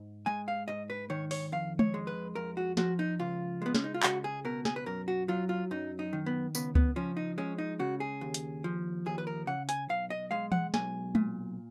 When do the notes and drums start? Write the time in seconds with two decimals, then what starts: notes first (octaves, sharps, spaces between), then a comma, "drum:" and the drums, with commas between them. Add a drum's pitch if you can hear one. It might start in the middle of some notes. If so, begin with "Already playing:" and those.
Already playing: G#2
0.26 G#3 G#5
0.48 F5
0.68 G#2 D#5
0.90 B4
1.10 D#3 C#5
1.31 C#5, drum: open hi-hat
1.52 F2 F5
1.79 C#5, drum: tom G#3
1.94 G#3
2.07 B4
2.35 F2 A#4
2.57 F#4
2.77 F3 F#4, drum: snare
2.99 D#4
3.19 C#2 F4
3.62 G#3 B3
3.75 C#4, drum: snare
3.84 D#4
3.94 F4
4.03 C#2 F#4, drum: clap
4.24 G#4
4.45 B2 A#4
4.65 G#4, drum: snare
4.76 B4
4.86 F#2 A#4
5.08 F#4
5.28 F#3 F4
5.49 F4
5.71 F#2 D#4
5.99 D#4
6.13 D#3
6.26 B3
6.55 C#2 B3, drum: tambourine
6.75 B3, drum: kick C#2
6.96 F3 C#4
7.17 D#4
7.38 G#3 C#4
7.58 D#4
7.79 C#3 F#4
8.00 G#4
8.21 D#2
8.34 drum: hi-hat
8.64 F3
9.06 D#2 G#4
9.18 B4
9.27 A#4
9.47 C#3 F#5
9.69 G#5, drum: hi-hat
9.89 B1 F5
10.10 D#5
10.31 G#3 F5
10.52 F#5, drum: tom E3
10.74 B1 G#5, drum: snare
11.15 A#2, drum: tom G#3